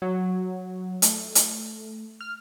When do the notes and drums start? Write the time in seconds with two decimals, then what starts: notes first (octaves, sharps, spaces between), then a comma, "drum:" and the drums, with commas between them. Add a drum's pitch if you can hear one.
0.02 F#3
1.02 A3, drum: hi-hat
1.35 drum: hi-hat
2.21 F6